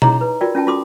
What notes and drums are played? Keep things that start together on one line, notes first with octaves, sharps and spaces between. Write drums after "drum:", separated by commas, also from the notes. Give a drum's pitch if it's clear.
D#4 E4 G#4 C#5 D#5 A#5, drum: tom B2
B4
F4 F#4 A#4 D5 G5
C#4 F4 G5 A5
F4 F#4 A4 C6 D6 D#6